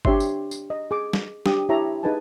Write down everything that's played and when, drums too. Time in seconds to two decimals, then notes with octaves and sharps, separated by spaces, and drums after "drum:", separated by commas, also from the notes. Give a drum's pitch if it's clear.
0.05 D4 G4 C#5 E5 C6, drum: kick G1
0.20 drum: tambourine
0.51 drum: tambourine
0.70 D#5
0.91 G#4 D6
1.13 drum: snare
1.46 D4 G4 D#6, drum: snare
1.69 E4 G4 C#5 E5 A5 A#5
2.03 D#4 G#4 B4 D#5 G#5 A5